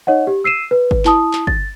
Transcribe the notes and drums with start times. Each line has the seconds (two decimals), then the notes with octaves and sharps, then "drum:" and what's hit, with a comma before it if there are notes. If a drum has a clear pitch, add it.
0.07 D#4 C#5 D#5 F#5
0.27 G4
0.44 E6 C7 D#7 E7
0.71 B4
0.91 drum: kick G1
1.05 E4 A5 D#6, drum: clap
1.33 drum: clap
1.47 A6, drum: kick G1